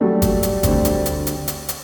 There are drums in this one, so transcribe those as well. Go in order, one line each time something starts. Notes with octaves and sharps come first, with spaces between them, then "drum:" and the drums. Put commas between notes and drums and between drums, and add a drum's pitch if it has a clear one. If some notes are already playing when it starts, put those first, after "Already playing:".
F#3 G3 A3
drum: kick G1, hi-hat
drum: hi-hat
D2 C4, drum: kick G1, hi-hat
drum: hi-hat
drum: hi-hat
drum: hi-hat
drum: hi-hat
drum: hi-hat